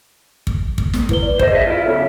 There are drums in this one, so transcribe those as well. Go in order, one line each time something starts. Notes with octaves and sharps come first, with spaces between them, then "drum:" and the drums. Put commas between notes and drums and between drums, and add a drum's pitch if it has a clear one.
drum: kick
drum: kick
drum: snare
E4 B4 G7, drum: kick
D5
C5 D#5, drum: kick
G#4 E5
E4 F4
B1 F#2 C#3 A4 C#5 E5